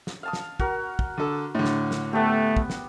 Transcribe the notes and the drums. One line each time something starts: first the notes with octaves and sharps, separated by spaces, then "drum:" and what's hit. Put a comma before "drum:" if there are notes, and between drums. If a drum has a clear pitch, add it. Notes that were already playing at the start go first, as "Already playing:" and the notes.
drum: snare
F5 A5 D#6
drum: snare
F#4 A#4, drum: kick
drum: kick
D3 A4
A2 D3
drum: snare
drum: snare
A3 B3 G4
drum: kick
drum: snare